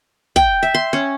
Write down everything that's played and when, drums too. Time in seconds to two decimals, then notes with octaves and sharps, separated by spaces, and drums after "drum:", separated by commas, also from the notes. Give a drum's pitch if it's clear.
0.36 G5, drum: kick
0.63 E5
0.75 C6
0.93 C#4